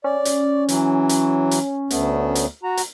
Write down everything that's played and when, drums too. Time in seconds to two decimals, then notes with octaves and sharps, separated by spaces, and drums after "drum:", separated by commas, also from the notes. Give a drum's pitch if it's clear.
0.04 C#4 D5
0.25 drum: hi-hat
0.69 E3 F#3, drum: hi-hat
1.09 drum: hi-hat
1.51 drum: hi-hat
1.90 D2 A3 B3, drum: hi-hat
2.35 drum: hi-hat
2.63 F#4 A#5
2.77 drum: hi-hat